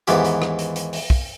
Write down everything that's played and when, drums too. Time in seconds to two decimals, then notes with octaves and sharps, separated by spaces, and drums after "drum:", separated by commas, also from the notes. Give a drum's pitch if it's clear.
0.07 D#2 G#2 E3 B3 G4, drum: hi-hat
0.25 drum: hi-hat
0.42 drum: rim click
0.59 drum: hi-hat
0.76 drum: hi-hat
0.93 drum: open hi-hat
1.10 drum: kick